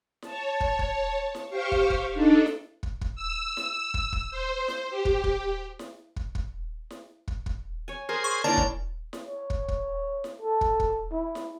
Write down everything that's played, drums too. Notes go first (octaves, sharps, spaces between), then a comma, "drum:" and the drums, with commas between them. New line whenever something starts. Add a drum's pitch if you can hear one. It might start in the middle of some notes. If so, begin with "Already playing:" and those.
C#5 A5, drum: snare E4
drum: kick
drum: kick
drum: snare E4
G4 C5 F5 C#6
drum: kick
drum: kick
D4 D#4 A4
drum: snare E4
drum: kick
drum: kick
E6
drum: snare E4
drum: kick
drum: kick
C5
drum: snare E4
G4
drum: kick
drum: kick
drum: snare E4
drum: kick
drum: kick
drum: snare E4
drum: kick
drum: kick
C#5 G#5
G#4 A#4 C5
C#6
D3 A#3 C#4 E4 C#5 D5 A5
drum: kick
drum: snare E4
C#5
drum: kick
drum: kick
drum: snare E4
A4
drum: kick
drum: kick
E4
drum: snare E4